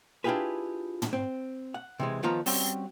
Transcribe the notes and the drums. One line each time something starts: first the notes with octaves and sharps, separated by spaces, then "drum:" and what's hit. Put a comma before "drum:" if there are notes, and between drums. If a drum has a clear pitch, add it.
D4 E4 F4 G4 G#4 B4
drum: tom
C4
F#5
C3 E3 G#3
D#3 F3 B3 F4 A#5
G3 C4 C#4 F#4, drum: open hi-hat